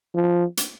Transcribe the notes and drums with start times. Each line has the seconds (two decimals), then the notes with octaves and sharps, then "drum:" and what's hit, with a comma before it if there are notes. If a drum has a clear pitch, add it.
0.15 F3
0.57 drum: hi-hat